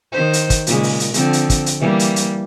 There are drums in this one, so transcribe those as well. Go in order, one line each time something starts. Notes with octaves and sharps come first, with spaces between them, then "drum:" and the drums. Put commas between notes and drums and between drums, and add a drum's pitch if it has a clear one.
D#3 C5
drum: hi-hat
drum: kick, hi-hat
A#2 C#3 G#3, drum: hi-hat
drum: open hi-hat
drum: hi-hat
D3 F3 C4, drum: hi-hat
drum: hi-hat
drum: kick, hi-hat
drum: hi-hat
E3 G3 A#3
drum: hi-hat
drum: hi-hat